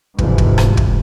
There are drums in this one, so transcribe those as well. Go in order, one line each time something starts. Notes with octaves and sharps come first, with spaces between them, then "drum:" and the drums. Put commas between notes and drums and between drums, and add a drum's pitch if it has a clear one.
D2 G#2 C3 E3 F3, drum: kick
drum: kick
drum: rim click
drum: kick